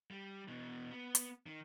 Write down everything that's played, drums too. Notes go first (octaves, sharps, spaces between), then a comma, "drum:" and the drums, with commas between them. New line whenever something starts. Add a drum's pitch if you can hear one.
G3
B2 E3
B3
drum: hi-hat
D#3